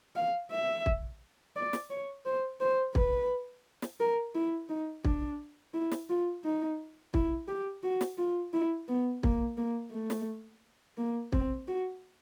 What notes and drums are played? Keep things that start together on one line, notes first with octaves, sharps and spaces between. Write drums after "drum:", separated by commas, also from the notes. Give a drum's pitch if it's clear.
F5
E5
drum: kick
D5
drum: snare
C#5
C5
C5
B4, drum: kick
drum: snare
A#4
E4
D#4
D4, drum: kick
E4
drum: snare
F4
D#4
E4, drum: kick
G4
F#4
drum: snare
F4
E4
B3
A#3, drum: kick
A#3
A3
drum: snare
A#3
C4, drum: kick
F#4